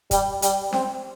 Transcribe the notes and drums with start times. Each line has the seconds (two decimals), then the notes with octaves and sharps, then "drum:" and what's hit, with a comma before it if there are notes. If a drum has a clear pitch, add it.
0.11 G3, drum: kick, hi-hat
0.42 G3, drum: hi-hat
0.73 C4, drum: snare C#4